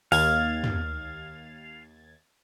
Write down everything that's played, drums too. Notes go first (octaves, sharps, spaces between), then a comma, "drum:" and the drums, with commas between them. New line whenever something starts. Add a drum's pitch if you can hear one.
D#2 F5 G#6 A6, drum: open hi-hat
drum: tom